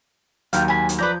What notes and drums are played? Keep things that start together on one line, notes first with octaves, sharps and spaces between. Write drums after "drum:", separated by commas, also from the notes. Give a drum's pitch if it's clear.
D#2 F#3 F5 G5 A#5, drum: hi-hat
G#5 B5
drum: hi-hat
F3 B4 D5 A#5 G6